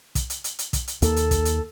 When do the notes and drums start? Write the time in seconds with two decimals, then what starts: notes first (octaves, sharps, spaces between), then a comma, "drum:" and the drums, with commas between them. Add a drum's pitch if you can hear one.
0.15 drum: kick, hi-hat
0.30 drum: hi-hat
0.44 drum: hi-hat
0.59 drum: hi-hat
0.73 drum: kick, hi-hat
0.88 drum: hi-hat
1.02 D#2 A#3 A4, drum: hi-hat
1.16 drum: hi-hat
1.31 drum: kick, hi-hat
1.45 drum: hi-hat